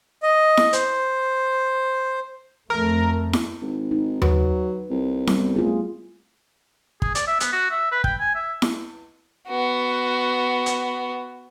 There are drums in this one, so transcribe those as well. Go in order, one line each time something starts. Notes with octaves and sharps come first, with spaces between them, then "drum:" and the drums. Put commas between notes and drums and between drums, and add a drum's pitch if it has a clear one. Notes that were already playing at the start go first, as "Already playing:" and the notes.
D#5
drum: snare E4
C5, drum: hi-hat
F2 A3 A#4
drum: snare E4
G#1
D#4
F#3 B4, drum: tom D#2
C2
G3 B3, drum: snare E4
A3 F4 G#4
G#4, drum: kick
D5, drum: hi-hat
E5
B3, drum: hi-hat
F#4
E5
B4
G5, drum: kick
G#5
E5
drum: snare E4
B3 F#4
drum: hi-hat